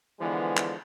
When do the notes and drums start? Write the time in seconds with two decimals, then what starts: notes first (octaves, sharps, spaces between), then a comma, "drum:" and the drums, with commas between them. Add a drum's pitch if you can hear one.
0.19 D3 E3 F3 G#3 B3
0.57 drum: clap